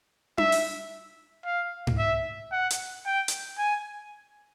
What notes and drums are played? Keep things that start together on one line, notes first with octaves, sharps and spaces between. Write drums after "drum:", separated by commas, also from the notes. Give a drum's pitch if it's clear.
E5, drum: tom D4
drum: open hi-hat
F5
drum: tom G#2
E5
F#5
drum: hi-hat
G5
drum: hi-hat
G#5